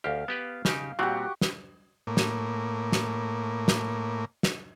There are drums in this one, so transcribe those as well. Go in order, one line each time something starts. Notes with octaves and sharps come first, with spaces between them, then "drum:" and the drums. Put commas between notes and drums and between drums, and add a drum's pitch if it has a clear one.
D2 G4 F5
B3 G4 B4
C#3 D#4 G4, drum: snare
A#2 G3 C4 F#4 G4
drum: snare
A2 A#3
drum: snare
drum: snare
drum: snare
drum: snare